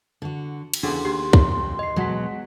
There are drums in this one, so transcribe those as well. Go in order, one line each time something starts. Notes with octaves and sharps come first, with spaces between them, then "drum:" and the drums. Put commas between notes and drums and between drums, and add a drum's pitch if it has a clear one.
D3 F#4
drum: cymbal
E2 C#3 D4 F#4 G#4 A4 C6
D#2 G4
drum: kick
D#5 C7
B2 F#3 G#3 F#5 B6